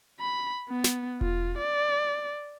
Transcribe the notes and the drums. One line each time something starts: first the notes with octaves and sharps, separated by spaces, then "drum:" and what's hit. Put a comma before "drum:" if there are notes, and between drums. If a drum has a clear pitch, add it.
B5
B3
drum: snare
F4, drum: kick E1
D5